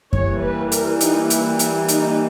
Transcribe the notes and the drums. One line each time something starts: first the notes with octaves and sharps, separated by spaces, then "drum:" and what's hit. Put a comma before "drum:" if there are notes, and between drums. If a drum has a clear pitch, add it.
E3 G3 A#3 C#5, drum: kick F#2
B4
A#4, drum: hi-hat
D#4, drum: hi-hat
E4, drum: hi-hat
E4, drum: hi-hat
D#4, drum: hi-hat